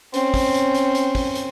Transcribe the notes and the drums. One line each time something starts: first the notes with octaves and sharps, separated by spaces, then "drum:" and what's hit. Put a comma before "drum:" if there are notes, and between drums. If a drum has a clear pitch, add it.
C4 C#4, drum: hi-hat
drum: kick, open hi-hat
drum: hi-hat
drum: hi-hat
drum: hi-hat
drum: kick, open hi-hat
drum: hi-hat